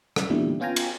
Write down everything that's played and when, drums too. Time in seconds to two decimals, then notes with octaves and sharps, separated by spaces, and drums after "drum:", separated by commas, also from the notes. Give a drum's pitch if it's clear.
0.16 F#2, drum: rim click
0.30 E2 A#2 D3 D#3 G3 A3
0.60 B3 C#4 F4 G5 G#5 A#5
0.76 drum: cymbal